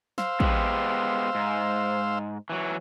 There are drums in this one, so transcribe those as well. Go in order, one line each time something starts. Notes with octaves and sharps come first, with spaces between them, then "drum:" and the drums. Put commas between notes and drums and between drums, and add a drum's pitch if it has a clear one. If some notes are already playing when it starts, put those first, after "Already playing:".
C5 F5 E6, drum: snare
G#3 B3 G4, drum: kick
G#2
E3 F#3